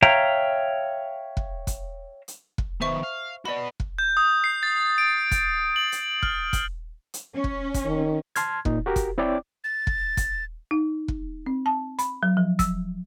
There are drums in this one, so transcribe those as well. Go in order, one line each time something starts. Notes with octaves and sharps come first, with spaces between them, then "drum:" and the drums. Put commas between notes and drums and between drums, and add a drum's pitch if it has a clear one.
C#5 E5 F5 G5 A#5
drum: kick
drum: kick, hi-hat
drum: hi-hat
drum: kick
D#3 B3 C5 E5 C#6
F5
F#4 B4 D5 D#5 B5
drum: kick
G6
D#6
C7
A6
D7
drum: kick, hi-hat
F#7
drum: hi-hat
F6, drum: kick
drum: kick, hi-hat
drum: hi-hat
C#4
drum: kick
drum: kick, hi-hat
D#3
A5 C6 F6 G#6, drum: hi-hat
A#2 D#4, drum: kick
F#4 G4 A#4
drum: kick, hi-hat
C4 E4 C#5 D5 G5 D6
A6
drum: kick
drum: kick, hi-hat
D#4
drum: kick
C4
A5
B5, drum: hi-hat
F#3
F3
E6, drum: kick, hi-hat